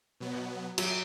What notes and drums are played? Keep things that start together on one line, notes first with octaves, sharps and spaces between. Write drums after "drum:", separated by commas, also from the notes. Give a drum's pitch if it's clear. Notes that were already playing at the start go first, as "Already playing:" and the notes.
B2 F#3 B3
F#3, drum: cymbal